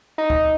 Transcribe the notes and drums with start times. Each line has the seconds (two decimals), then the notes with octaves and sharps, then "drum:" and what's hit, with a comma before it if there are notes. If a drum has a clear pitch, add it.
0.18 D#4
0.30 drum: kick C#2